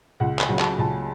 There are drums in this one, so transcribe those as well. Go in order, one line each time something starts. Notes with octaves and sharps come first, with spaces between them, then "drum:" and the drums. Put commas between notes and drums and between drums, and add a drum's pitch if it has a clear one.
C#2 F#5
G#5, drum: clap
C#3 F#3 C#4
A5, drum: clap
C#2 A5